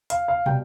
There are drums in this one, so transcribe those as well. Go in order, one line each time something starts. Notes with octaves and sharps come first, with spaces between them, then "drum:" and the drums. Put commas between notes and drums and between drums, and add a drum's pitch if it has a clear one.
F5, drum: hi-hat
F5
B2 G3 G5, drum: tom